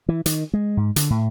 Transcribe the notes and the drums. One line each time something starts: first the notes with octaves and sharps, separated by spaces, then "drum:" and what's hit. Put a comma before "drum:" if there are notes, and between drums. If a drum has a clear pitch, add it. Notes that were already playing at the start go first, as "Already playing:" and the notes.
E3
D#3, drum: hi-hat
G#3
G#2
D3, drum: hi-hat
A2